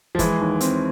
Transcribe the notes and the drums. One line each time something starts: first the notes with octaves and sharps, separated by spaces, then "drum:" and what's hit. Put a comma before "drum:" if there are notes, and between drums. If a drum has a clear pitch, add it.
F3
E3 G#3, drum: kick, hi-hat
D#2
C4, drum: hi-hat